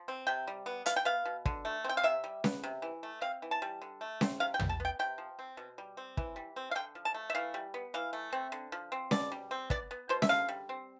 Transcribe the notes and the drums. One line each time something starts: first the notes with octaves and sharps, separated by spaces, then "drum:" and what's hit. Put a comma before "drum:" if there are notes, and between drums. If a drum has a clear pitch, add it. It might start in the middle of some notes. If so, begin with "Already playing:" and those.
Already playing: F3
C4
C3 G5
G3
B3
B3 F5, drum: hi-hat
G5
B3 F5
B2
D3, drum: kick
A3
C4 G5
F5
C3 E5
G3
B3, drum: snare C#4
C3
E3
A3
C4 F5
E3
A5
G3
D3
A3
C4, drum: snare C#4
C3 F5
G5
G3, drum: tom
A5
B3 G5
C3 G5
F3
C4
B2
G3
C4
E3, drum: kick
G3
C4
F5
D3 G5
F3
A5
A3
E5
E3 F5
G3
B3
E3 F5
A3
C4
D3
F3
C4
B2 D5, drum: snare C#4
G3
C4
B3 D5, drum: kick
B3
B2 C5
E5, drum: snare C#4
D3 F5
G3
C4